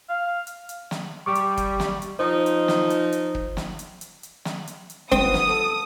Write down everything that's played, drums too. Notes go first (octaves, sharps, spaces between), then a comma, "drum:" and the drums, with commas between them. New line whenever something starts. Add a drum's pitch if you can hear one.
F5
drum: hi-hat
drum: hi-hat
drum: snare
G3 C#6 D6
drum: hi-hat
drum: kick, hi-hat
drum: snare
drum: hi-hat
F3 D#4 C5
drum: hi-hat
drum: snare
drum: hi-hat
drum: hi-hat
drum: kick
drum: snare
drum: hi-hat
drum: hi-hat
drum: hi-hat
drum: snare
drum: hi-hat
drum: hi-hat
G1 B3 C4 D#6, drum: kick, hi-hat
drum: snare
A4